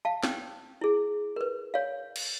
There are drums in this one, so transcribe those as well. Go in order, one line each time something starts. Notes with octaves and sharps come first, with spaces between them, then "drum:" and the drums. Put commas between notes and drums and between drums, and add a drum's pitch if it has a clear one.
F5 A5
G5, drum: snare
E4 G#4
A#4 B4
C#5 F5
drum: cymbal